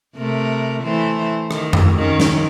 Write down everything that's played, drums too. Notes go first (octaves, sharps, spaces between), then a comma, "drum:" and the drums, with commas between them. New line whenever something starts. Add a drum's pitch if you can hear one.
C3 A3 A#4
E3 A3 C5
D#3, drum: rim click
drum: tom F2
D#3 C#4
drum: snare